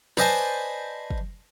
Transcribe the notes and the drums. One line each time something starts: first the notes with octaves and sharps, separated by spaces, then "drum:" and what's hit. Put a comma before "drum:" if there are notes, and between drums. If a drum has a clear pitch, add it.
B4 C5 D5 D#5 G#5 A5, drum: snare
drum: kick